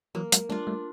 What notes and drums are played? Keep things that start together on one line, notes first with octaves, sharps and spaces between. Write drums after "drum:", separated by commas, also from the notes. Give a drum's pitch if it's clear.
E3 F#3 A#3
F#3 G#3, drum: hi-hat
G3 A3 D4 F4
G3 A3